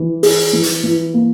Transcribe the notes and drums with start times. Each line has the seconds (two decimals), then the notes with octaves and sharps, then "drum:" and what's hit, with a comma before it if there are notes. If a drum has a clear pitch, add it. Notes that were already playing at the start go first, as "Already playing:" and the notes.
Already playing: E3
0.23 G#4, drum: open hi-hat
0.53 E3
0.63 drum: hi-hat
0.84 E3
1.14 A#3